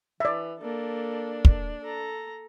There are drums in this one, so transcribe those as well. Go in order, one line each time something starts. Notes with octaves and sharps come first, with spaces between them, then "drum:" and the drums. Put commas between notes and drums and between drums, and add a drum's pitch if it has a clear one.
E3 D5 E5
A#3 D4 A4
drum: kick
A4 A#5